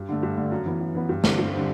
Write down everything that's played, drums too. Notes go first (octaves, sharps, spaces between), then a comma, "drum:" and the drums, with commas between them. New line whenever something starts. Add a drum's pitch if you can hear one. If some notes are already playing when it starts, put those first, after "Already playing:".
Already playing: G2
D3 A3
G2
D3 A3
F#2
E3 B3
F#2
E3 B3
G2
D3 G3 C4, drum: snare
G2
D3 G3 C4